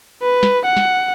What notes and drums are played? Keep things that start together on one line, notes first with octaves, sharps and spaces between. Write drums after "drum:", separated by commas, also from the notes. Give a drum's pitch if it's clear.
B4
drum: snare
F#5
drum: snare